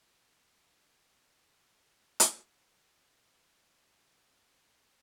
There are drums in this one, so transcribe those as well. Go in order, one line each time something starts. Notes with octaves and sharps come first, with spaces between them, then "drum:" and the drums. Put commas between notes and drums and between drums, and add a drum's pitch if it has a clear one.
E2 F#3 C#4
drum: hi-hat
F4 A4 A#4 C#6